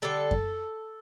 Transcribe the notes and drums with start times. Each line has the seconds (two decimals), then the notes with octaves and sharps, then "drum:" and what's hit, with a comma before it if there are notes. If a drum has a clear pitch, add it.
0.02 D3 G3 A4
0.31 drum: kick F#2